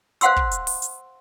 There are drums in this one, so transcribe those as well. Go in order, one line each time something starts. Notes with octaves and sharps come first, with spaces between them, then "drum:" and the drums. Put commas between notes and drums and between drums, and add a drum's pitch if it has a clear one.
C5 F5 F#5 C6 E6, drum: hi-hat
drum: kick
drum: hi-hat
drum: open hi-hat
drum: hi-hat